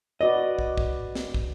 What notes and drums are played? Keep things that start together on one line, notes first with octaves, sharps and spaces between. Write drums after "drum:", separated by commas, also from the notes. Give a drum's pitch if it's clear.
F#4 B4 D5 D#5
drum: kick
drum: kick
drum: snare
drum: kick